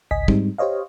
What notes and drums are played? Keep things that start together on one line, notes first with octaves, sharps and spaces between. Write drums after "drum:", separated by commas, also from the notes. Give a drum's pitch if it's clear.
G#1 C#2 D#5 G#5 B6
G#2 G3 G#3 C4 D#4, drum: kick
G4 C5 C#5 D#5 F5